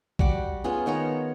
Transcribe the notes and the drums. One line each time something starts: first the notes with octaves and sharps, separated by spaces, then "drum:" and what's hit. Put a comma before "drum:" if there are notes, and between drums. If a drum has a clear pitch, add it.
G3 F#4 F#5 D6, drum: kick
B3 C#4 F4 G#4
D#3 B3 C#5 A#5